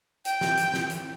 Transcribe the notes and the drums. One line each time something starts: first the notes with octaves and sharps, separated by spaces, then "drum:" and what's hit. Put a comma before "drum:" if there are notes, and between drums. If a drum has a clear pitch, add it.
G5, drum: hi-hat
drum: snare
drum: hi-hat
drum: snare
drum: hi-hat